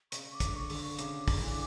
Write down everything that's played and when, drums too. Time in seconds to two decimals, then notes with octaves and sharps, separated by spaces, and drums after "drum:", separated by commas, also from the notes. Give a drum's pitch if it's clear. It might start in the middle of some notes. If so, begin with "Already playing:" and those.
0.12 C#3 C#6, drum: hi-hat
0.34 D6
0.40 D3, drum: kick, hi-hat
0.55 C#6
0.70 D3, drum: open hi-hat
0.77 C#6
0.99 C#3 D6, drum: hi-hat
1.28 drum: kick, open hi-hat
1.37 D3
1.42 E3